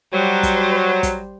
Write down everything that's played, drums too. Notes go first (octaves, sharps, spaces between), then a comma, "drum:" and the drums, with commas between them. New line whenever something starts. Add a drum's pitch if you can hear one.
F#3 G3 C5
drum: kick, hi-hat
drum: kick, hi-hat